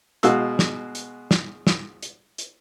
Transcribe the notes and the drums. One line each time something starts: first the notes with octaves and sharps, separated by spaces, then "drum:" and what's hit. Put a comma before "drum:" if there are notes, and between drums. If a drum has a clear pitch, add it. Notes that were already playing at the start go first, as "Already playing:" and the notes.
B2 G#3 F#4 F5 E6, drum: hi-hat
drum: snare
drum: hi-hat
drum: snare
drum: snare
drum: hi-hat
drum: hi-hat